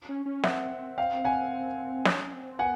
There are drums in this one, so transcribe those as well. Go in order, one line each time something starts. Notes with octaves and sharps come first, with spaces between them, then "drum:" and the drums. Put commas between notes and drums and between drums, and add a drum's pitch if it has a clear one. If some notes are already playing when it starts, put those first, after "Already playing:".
C#4
C#4
C4 E5 F#5, drum: snare
F5 G5
F#5 G#5
C#4, drum: snare
C4
B3 F#5 G#5